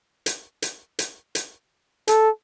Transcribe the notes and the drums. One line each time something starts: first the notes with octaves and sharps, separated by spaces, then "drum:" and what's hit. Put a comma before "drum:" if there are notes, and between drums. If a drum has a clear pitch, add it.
drum: hi-hat
drum: hi-hat
drum: hi-hat
drum: hi-hat
A4, drum: hi-hat